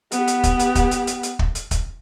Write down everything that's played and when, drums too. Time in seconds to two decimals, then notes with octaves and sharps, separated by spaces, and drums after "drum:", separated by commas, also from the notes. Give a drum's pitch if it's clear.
0.12 B3 G4, drum: hi-hat
0.28 drum: hi-hat
0.44 drum: kick, hi-hat
0.60 drum: hi-hat
0.75 drum: kick, hi-hat
0.91 drum: hi-hat
1.07 drum: hi-hat
1.23 drum: hi-hat
1.39 drum: kick
1.55 drum: hi-hat
1.71 drum: kick, hi-hat